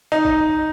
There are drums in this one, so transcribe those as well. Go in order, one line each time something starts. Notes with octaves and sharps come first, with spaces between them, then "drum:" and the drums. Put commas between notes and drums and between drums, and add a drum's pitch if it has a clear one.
D#4
drum: kick G#1